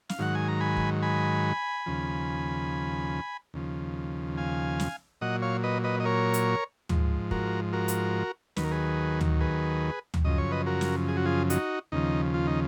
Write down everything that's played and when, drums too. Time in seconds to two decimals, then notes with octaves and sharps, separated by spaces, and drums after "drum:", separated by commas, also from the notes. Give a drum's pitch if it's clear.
0.09 F5, drum: snare
0.19 G#2 D#3 F#3 F#5
0.35 G#5
0.48 A#5
0.61 G#5 B5
0.77 drum: kick
1.02 G#5 B5
1.86 D#2 C#3 F3
3.54 D#2 C#3 F3
4.37 F5 G#5
4.80 drum: snare
5.21 A#2 F#3 D#5 F#5
5.42 C#5 F5
5.64 B4 D#5
5.84 B4 D#5
6.00 D#5
6.05 A#4 C#5
6.34 drum: hi-hat
6.89 G#2 F3, drum: tom D2
7.31 F#4 A#4, drum: kick
7.73 F#4 A#4
7.88 drum: hi-hat
8.56 D#2 D#3 F#3 B4, drum: snare
8.64 A#4
8.71 G#4 B4
9.21 drum: tom D2
9.41 G#4 B4
10.14 drum: tom D2
10.24 F#2 C#3 F3 D#5
10.38 C#5
10.51 B4 D#5
10.66 F#4 A#4
10.81 drum: snare
11.08 G#4
11.17 F#4
11.26 F4 G#4
11.50 D#4 F#4, drum: hi-hat
11.92 D#2 C#3 F3 D#4
12.34 F4
12.47 D#4